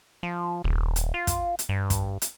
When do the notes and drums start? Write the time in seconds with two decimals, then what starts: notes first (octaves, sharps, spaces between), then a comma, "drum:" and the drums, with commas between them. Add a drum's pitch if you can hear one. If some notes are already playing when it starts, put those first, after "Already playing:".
0.23 F3
0.64 D#1, drum: tom A#1
0.96 drum: hi-hat
1.14 F4
1.27 drum: kick, hi-hat
1.59 drum: hi-hat
1.69 G2
1.90 drum: kick, hi-hat
2.22 drum: hi-hat